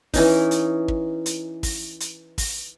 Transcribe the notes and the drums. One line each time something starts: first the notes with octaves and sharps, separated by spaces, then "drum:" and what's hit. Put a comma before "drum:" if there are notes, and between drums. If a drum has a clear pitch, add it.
E3 C#4 D#4, drum: kick, open hi-hat
drum: hi-hat
drum: kick
drum: hi-hat
drum: kick, open hi-hat
drum: hi-hat
drum: kick, open hi-hat